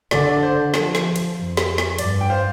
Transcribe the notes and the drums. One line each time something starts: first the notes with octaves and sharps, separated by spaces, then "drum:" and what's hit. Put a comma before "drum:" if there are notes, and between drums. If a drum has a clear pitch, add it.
D3 D5, drum: snare
D5
C5
F3, drum: snare
drum: snare
drum: cymbal
F2
drum: snare
drum: snare
G2 D5, drum: cymbal
G5
C5 F5